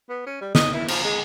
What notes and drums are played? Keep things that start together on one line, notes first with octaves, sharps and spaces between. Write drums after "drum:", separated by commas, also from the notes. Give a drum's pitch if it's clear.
B3
C#4
G3
D#5, drum: snare
E4
F3, drum: cymbal
G#3